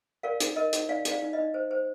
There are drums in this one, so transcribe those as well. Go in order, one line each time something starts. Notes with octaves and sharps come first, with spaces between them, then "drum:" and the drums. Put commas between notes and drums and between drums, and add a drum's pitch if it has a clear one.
A#4 D5 F5
D#4, drum: hi-hat
A#4 D#5
D#4, drum: hi-hat
D#4 D5 F5
D#4, drum: hi-hat
D5 F5
D#4
D#5
D#4
C5
C5